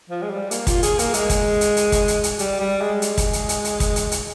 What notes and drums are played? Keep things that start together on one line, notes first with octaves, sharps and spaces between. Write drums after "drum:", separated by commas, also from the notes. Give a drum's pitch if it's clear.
F3
G#3
G3
A#3, drum: hi-hat
F4, drum: kick, hi-hat
G#4, drum: hi-hat
A#3, drum: hi-hat
G#3, drum: hi-hat
drum: kick, hi-hat
drum: hi-hat
drum: hi-hat
drum: kick, hi-hat
drum: hi-hat
drum: hi-hat
G3, drum: hi-hat
G3
G#3
drum: hi-hat
drum: kick, hi-hat
drum: hi-hat
drum: hi-hat
drum: hi-hat
drum: kick, hi-hat
drum: hi-hat
drum: hi-hat